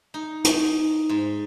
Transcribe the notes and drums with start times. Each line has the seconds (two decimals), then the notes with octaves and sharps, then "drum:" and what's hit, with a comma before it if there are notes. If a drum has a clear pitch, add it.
0.14 D#4
0.44 D#4, drum: hi-hat
1.09 G#2